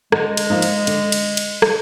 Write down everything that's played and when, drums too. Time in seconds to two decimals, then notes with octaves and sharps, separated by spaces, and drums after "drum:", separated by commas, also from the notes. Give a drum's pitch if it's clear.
0.12 D3 G#3, drum: rim click
0.37 drum: cymbal
0.50 F3 A#3 D#4
0.62 drum: cymbal
0.87 D3, drum: cymbal
1.12 drum: cymbal
1.37 drum: cymbal
1.62 drum: rim click